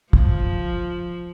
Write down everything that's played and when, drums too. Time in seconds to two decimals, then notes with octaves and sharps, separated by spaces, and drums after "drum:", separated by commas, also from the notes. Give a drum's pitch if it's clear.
0.13 F3, drum: kick